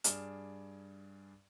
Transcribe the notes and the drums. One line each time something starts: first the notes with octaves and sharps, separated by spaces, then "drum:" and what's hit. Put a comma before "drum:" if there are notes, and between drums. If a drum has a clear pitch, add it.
G2 G#4 D5 F6 E7, drum: hi-hat